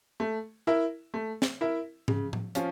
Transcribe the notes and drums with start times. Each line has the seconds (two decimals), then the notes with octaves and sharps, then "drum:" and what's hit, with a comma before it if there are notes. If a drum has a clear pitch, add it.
0.20 A3
0.67 E4 A#4 E5
1.14 A3
1.42 drum: snare
1.61 E4 A#4 E5
2.08 C#3, drum: tom G#2
2.33 drum: tom
2.55 F3 C#4 F4, drum: hi-hat